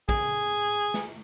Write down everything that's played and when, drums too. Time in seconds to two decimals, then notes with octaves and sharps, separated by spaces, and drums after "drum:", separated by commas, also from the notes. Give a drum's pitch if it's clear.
0.09 G#4, drum: kick
0.94 drum: snare